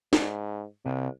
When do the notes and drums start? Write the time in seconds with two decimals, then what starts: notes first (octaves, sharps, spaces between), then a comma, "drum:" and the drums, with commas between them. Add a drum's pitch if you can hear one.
0.13 G#2, drum: snare
0.86 C2 C3